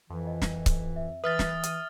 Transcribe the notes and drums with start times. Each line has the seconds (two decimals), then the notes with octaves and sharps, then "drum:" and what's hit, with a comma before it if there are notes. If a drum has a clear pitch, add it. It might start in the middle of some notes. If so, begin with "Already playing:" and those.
0.10 F2 E3
0.27 D#5
0.42 drum: snare
0.66 drum: kick C#1, hi-hat
0.96 E5
1.24 E3 B4 E5 D#6 F6 A6
1.39 drum: snare
1.63 D#7, drum: hi-hat